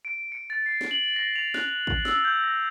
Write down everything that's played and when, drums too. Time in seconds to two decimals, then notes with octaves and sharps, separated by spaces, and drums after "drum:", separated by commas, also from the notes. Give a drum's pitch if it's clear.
0.05 D7
0.32 C#7
0.50 A6
0.66 C7
0.81 drum: snare
0.91 F#7
1.16 A#6
1.36 F7
1.54 F#6, drum: snare
1.87 drum: kick
2.05 E6, drum: snare
2.25 G6
2.44 A#6